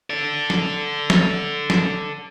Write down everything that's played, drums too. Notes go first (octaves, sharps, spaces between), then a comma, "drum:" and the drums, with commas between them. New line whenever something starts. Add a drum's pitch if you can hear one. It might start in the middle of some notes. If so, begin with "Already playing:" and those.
A4 D5
drum: snare
drum: snare
drum: snare